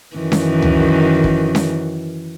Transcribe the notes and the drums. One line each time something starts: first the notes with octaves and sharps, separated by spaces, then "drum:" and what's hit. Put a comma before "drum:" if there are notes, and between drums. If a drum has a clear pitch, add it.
F#2 D#3 E3
drum: snare C#4
drum: tom C#2
drum: kick
drum: snare C#4